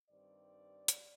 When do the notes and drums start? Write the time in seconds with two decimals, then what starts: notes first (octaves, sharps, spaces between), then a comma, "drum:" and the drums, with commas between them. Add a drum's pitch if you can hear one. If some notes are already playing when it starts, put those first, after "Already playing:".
0.10 G2 D#3 G3 C4 D5
0.88 drum: hi-hat